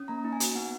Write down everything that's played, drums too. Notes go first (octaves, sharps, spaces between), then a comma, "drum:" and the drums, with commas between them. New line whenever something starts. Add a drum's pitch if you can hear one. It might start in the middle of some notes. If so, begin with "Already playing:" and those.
Already playing: C#4
A#3 A#5
D#4
G#5
F#4, drum: hi-hat
B3 F#5